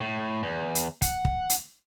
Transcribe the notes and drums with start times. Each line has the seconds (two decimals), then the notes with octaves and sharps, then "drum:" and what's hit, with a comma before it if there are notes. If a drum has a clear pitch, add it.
0.01 A2
0.43 E2
0.75 drum: hi-hat
1.02 F#5, drum: kick, hi-hat
1.25 drum: kick
1.50 drum: hi-hat